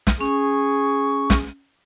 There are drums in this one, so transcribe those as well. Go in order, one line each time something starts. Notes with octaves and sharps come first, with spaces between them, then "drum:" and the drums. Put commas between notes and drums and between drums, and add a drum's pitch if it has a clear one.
drum: snare
C#4 G#4 C#6
drum: snare